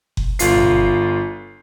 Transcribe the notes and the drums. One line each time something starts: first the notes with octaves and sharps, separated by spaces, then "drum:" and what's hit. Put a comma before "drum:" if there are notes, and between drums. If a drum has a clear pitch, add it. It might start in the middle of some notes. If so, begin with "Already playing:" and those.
drum: kick F#1
G1 F4 C7, drum: hi-hat
drum: tom G1